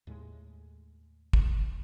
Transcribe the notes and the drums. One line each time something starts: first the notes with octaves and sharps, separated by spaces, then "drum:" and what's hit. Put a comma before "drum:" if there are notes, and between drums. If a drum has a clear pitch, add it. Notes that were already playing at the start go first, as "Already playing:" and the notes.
D#2 A2 G#3
drum: kick